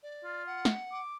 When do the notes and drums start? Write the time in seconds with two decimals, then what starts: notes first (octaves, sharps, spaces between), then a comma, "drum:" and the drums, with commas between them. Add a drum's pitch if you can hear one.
0.03 D5
0.24 F4
0.46 F#5
0.65 drum: snare
0.92 D6